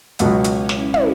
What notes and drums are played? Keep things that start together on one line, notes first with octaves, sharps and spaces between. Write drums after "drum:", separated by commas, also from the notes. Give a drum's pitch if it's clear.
C#2 B2 F#3 C#4, drum: hi-hat
drum: hi-hat
E4
drum: snare
drum: tom